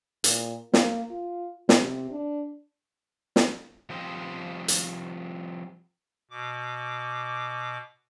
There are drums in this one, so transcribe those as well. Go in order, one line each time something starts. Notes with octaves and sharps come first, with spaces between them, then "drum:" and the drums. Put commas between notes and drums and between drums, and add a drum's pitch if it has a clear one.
A#2, drum: hi-hat
A#3, drum: snare
F4
C3, drum: snare
D4
drum: snare
F3 G3 C4 G4 C5 D#5
drum: hi-hat
B2 D6